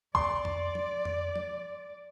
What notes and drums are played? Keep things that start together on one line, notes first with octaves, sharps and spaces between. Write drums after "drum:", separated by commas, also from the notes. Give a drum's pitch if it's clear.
D5 C6, drum: kick B1
drum: tom F2
drum: tom F3
drum: tom F2
drum: tom F3